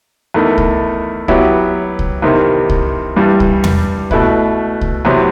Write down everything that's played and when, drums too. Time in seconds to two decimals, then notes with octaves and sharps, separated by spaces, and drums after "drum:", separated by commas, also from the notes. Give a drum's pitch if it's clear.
0.34 E2 D#3 A3 E4
0.58 drum: kick C2
1.28 F#3 B3 E4 G4, drum: kick C2
1.99 drum: kick C2
2.22 E2 C3 D#3
2.70 drum: kick C2
3.16 G2 E3 G3
3.40 drum: kick C2
3.64 drum: tom E2
4.11 B2 A3 E4 B4, drum: kick C2
4.81 drum: kick C2
5.05 E2 C3 F#3